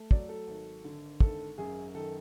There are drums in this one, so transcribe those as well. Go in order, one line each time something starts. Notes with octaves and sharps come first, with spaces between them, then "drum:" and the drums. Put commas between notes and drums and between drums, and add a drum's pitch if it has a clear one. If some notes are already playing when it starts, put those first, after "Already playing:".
Already playing: A3
F#3 D5, drum: kick
A4
G#1
D3
G#1 A4, drum: kick
F#2 G#4
D#3 A4